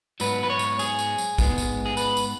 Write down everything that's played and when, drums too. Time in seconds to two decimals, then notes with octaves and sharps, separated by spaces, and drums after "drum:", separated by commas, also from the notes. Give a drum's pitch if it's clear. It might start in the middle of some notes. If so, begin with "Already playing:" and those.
0.20 G#2 F#3 B3 B4, drum: tambourine
0.43 B4
0.50 C#5
0.59 drum: tambourine
0.79 G#4, drum: tambourine
0.99 drum: tambourine
1.18 drum: tambourine
1.38 G#2 G#3 B3, drum: kick A1, tambourine
1.58 drum: tambourine
1.86 G#4
1.97 B4, drum: tambourine
2.17 drum: tambourine